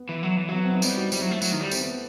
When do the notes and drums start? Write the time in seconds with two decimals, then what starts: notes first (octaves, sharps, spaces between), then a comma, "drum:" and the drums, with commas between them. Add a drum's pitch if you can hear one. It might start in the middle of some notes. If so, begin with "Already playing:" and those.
Already playing: B3
0.09 E3
0.23 F#3 A3
0.36 E3
0.49 F#3 B3
0.63 A3 C4
0.72 B3 D#4
0.82 G3 C4 E4, drum: tambourine
0.97 D#4 F#4
1.12 G3 C4 E4, drum: tambourine
1.22 F#3
1.31 A3
1.42 F#3, drum: tambourine
1.52 D#3
1.61 G3
1.71 A3 C4, drum: tambourine
1.81 B3
1.90 A3